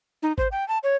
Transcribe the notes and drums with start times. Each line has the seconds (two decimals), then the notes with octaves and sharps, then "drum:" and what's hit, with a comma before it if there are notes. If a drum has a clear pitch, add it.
0.23 D#4
0.38 C5, drum: kick G#1
0.52 G5
0.68 A5
0.83 C#5